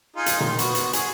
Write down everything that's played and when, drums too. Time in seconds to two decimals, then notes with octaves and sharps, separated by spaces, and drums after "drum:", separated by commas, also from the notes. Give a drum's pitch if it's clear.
0.16 D#4 F4 G#4
0.26 drum: hi-hat
0.41 D#3 C6, drum: tom A#2
0.59 B3 F#4, drum: hi-hat
0.75 drum: hi-hat
0.93 G#4, drum: hi-hat